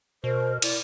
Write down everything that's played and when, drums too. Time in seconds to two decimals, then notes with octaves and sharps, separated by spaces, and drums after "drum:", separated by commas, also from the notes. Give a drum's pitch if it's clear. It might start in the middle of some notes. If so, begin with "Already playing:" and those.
0.24 B2 A#4 C5
0.62 E4 D5, drum: cymbal